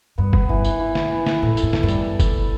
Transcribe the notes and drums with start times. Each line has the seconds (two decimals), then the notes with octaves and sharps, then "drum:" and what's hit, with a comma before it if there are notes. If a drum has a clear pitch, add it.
0.18 G2 B3
0.33 B3, drum: kick
0.49 E3
0.65 E3, drum: tambourine
0.80 E3
0.95 B3, drum: snare
1.11 E3
1.26 E3, drum: snare
1.42 A2 A4
1.57 A4, drum: tambourine
1.63 G#2
1.73 A4, drum: snare
1.83 G2
1.88 G3, drum: tambourine
2.20 drum: kick, tambourine